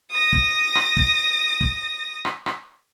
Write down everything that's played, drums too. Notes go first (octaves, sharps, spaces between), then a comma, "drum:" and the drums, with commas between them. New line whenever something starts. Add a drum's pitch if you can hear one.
D#6 A#6
drum: kick
drum: rim click
drum: kick
drum: kick
drum: rim click
drum: rim click